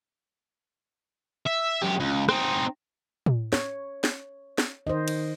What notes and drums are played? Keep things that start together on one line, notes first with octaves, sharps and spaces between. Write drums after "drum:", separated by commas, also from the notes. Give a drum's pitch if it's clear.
E5
F#2 G4
C#2
C4 D#4, drum: rim click
drum: tom
C#5, drum: snare
drum: snare
drum: snare
D#3 C5 D#5
drum: cymbal